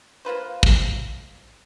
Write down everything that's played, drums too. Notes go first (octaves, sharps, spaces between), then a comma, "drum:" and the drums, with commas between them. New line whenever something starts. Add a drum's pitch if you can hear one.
A#3 F4 B4 C5
drum: kick